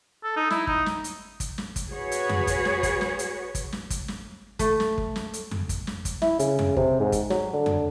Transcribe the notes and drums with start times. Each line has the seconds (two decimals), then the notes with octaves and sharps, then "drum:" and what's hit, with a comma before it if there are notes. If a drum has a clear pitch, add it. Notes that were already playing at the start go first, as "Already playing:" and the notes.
0.24 A4
0.37 D#4
0.50 E4, drum: snare
0.67 D#4, drum: kick
0.86 drum: snare
1.04 drum: hi-hat
1.40 drum: kick, hi-hat
1.58 drum: snare
1.76 drum: kick, hi-hat
1.90 F#4 G#4 B4 C#5
2.12 drum: hi-hat
2.29 drum: tom F2
2.47 drum: kick, hi-hat
2.65 drum: snare
2.83 drum: kick, hi-hat
3.01 drum: snare
3.19 drum: hi-hat
3.55 drum: kick, hi-hat
3.73 drum: snare
3.90 drum: kick, hi-hat
4.08 drum: snare
4.59 A3, drum: kick, hi-hat
4.80 drum: snare
4.98 drum: kick
5.16 drum: snare
5.33 drum: hi-hat
5.51 drum: tom F2
5.69 drum: kick, hi-hat
5.87 drum: snare
6.05 drum: kick, hi-hat
6.22 E4, drum: snare
6.39 C#3, drum: hi-hat
6.59 drum: tom F2
6.77 C3, drum: kick
7.00 G#2
7.12 drum: kick, hi-hat
7.30 F#3, drum: snare
7.53 D3
7.66 drum: tom F2